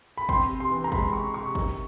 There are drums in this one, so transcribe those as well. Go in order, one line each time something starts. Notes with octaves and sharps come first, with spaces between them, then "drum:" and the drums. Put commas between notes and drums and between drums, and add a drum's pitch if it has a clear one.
B5
C4 C6, drum: kick
C3
C6
E3
A#5
G#3 B5, drum: kick
C4 C#6
C3 C#6
D#3, drum: kick